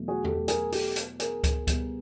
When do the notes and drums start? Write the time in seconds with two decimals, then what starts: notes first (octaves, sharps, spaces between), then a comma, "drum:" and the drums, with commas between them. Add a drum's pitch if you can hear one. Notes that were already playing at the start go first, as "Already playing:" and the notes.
Already playing: E2 B2 F#3 A3
0.08 F#4 G#4
0.24 G4 A4, drum: tom E2
0.48 G#4 A#4, drum: hi-hat
0.72 G4 A4, drum: open hi-hat
0.96 drum: hi-hat
1.20 G#4 A#4, drum: hi-hat
1.44 drum: kick C#2, hi-hat
1.67 B2 G3 B3, drum: kick C#2, hi-hat